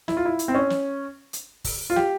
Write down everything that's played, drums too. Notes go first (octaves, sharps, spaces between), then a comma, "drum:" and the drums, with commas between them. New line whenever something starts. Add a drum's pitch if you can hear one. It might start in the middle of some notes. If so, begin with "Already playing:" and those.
E4, drum: snare
F4
E4
drum: hi-hat
C4
C#4
drum: snare
drum: hi-hat
drum: kick, open hi-hat
F4
G4, drum: snare